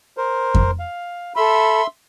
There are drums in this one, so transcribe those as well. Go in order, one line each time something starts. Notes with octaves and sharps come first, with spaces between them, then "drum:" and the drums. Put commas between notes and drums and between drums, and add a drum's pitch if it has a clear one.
A#4 C5
drum: kick F2
F5
A4 E5 B5 C6 E6